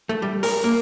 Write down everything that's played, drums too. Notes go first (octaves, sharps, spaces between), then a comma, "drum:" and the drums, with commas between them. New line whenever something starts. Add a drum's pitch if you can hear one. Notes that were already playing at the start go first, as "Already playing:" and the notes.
A3
G3
A#4, drum: open hi-hat
A#3